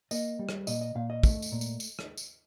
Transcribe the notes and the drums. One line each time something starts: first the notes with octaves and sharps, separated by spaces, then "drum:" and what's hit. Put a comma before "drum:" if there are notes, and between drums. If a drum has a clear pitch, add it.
A#3 D#5, drum: tambourine
G3
drum: rim click
A#2 D#5, drum: tambourine
D#5
A#2 F5
D#5
A3, drum: kick, tambourine
drum: tambourine
A#2
drum: tambourine
drum: tambourine
drum: rim click
drum: tambourine